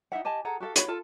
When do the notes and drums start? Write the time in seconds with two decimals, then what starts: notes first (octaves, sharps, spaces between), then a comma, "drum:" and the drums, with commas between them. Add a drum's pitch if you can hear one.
0.12 D#4 E4 E5 F#5
0.25 G4 D#5 G#5 A5
0.45 G#4 A4 F#5 A#5
0.60 F#4 G4 A4 F5
0.76 F#4 C#5 B5, drum: hi-hat
0.88 F4 A4 A5